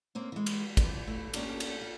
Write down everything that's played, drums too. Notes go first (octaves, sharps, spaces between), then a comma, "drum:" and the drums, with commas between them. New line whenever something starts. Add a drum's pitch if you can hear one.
A#3 C4 C#4
E3 G#3
drum: cymbal
C3 E3 F3 G3, drum: kick, cymbal
A3 E4
A#3 C#4 D4 F4 G4 A4, drum: cymbal
drum: cymbal
F4